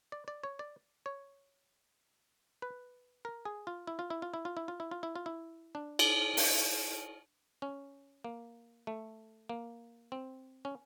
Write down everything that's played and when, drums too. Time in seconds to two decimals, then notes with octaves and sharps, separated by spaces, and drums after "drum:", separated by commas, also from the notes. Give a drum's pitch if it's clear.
0.12 D5
0.28 D5
0.44 C#5
0.59 D5
1.06 C#5
2.62 B4
3.25 A#4
3.45 G#4
3.67 F4
3.87 E4
3.99 F4
4.10 E4
4.22 F4
4.34 E4
4.45 F4
4.57 E4
4.68 F4
4.80 E4
4.91 F4
5.03 E4
5.16 F4
5.26 E4
5.75 D4
5.99 drum: cymbal
6.37 D4, drum: open hi-hat
7.62 C#4
8.24 A#3
8.87 A3
9.49 A#3
10.12 C4
10.65 C#4